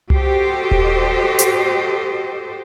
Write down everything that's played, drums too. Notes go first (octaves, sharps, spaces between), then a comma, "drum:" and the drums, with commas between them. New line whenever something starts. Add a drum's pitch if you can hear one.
F#4 G4 A4 C5 D#5, drum: tom C2
drum: kick D#1
drum: hi-hat